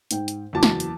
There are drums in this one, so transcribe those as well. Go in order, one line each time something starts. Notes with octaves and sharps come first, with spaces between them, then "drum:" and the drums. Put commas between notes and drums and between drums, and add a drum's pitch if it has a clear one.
G#2 G5, drum: hi-hat
drum: hi-hat
F#1 E2 F#4 A5 D6
drum: snare
drum: hi-hat